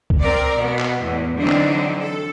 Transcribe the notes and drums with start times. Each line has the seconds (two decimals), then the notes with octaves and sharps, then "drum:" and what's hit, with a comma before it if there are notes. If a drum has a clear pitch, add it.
0.10 drum: kick C2
0.21 C4 A#4 D5
0.57 B2 B3
0.79 drum: clap
1.02 E2 A2
1.38 D3 E3 F#3 C4 D4 D#4
1.48 drum: clap
1.99 A4